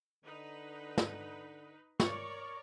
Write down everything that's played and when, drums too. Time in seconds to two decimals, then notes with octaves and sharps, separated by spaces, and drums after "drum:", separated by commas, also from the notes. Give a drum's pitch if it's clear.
0.25 D3 D#4 B4
0.98 drum: snare
2.00 A#4 C#5 D5 C#6, drum: snare